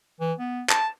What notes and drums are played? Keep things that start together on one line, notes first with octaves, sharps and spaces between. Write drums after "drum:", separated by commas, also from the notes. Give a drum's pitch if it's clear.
E3
B3
A5, drum: clap